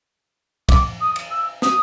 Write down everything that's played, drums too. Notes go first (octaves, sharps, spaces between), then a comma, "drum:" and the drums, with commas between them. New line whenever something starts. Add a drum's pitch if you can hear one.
D6, drum: kick, cymbal
D#6
drum: cymbal
E6
D#6, drum: snare